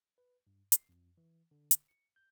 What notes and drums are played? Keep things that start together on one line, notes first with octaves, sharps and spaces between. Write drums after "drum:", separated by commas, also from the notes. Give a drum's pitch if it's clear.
B4
G2
C7, drum: hi-hat
F2
E3
D3
drum: hi-hat
C#7
G6